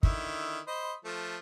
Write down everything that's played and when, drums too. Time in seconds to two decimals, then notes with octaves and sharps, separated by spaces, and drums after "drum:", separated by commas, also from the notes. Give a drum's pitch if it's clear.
0.03 D3 D#3 E4, drum: kick
0.67 C5 D#5 B5
1.05 F3 A3